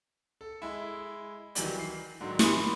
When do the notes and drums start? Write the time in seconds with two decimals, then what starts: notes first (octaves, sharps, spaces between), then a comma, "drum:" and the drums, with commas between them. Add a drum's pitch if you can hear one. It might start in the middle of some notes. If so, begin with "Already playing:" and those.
0.41 A4
0.62 G#3 E4
1.55 D#3 E3 F#3 G3, drum: hi-hat
1.80 C7
2.21 G#2 D3 D#3 F#3
2.39 G#5 B5 C6 D6 D#6 F#6, drum: snare